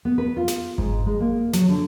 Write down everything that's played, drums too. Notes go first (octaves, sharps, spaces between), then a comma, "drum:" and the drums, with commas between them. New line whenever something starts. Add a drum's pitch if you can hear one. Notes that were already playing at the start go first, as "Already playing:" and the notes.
B3
B4
F4
drum: snare
G#2, drum: kick G1
G#3
A#3
F#3, drum: snare
D3